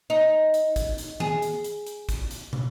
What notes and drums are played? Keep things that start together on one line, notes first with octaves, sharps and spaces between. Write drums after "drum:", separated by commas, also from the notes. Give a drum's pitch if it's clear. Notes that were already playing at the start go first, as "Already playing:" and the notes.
D#4
drum: hi-hat
drum: kick, hi-hat
drum: hi-hat
G#4, drum: tom D#3
drum: hi-hat
drum: hi-hat
drum: hi-hat
drum: kick, hi-hat
drum: hi-hat
drum: tom